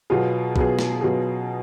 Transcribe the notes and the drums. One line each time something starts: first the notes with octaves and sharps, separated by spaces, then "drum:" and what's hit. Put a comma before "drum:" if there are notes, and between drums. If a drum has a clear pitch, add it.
B2 F#3 B3 F4 G#4
B2 F#3 B3 F4 G#4, drum: kick
drum: snare
B2 F#3 B3 F4 G#4